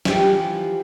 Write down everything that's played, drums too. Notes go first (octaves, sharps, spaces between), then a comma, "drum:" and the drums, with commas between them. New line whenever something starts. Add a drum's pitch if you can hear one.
E3 F3 G4, drum: snare